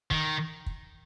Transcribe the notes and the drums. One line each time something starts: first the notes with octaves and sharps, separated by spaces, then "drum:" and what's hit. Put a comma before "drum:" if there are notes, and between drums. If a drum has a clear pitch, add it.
D#3, drum: kick
drum: kick